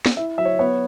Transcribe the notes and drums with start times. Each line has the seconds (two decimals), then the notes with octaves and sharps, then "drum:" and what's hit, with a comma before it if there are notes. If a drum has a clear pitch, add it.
0.06 drum: snare
0.17 E4 E5
0.38 F#3 E5
0.45 C#5
0.59 B3 C#5